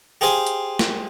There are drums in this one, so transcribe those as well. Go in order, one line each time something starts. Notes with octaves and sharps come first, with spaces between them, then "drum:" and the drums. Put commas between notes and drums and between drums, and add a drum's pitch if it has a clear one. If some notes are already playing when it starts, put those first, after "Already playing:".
G4 G#4 C5 F5 G#5
drum: hi-hat
drum: snare